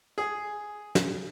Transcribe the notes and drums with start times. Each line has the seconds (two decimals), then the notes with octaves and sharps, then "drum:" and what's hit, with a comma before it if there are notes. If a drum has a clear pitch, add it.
0.18 G#4
0.95 drum: snare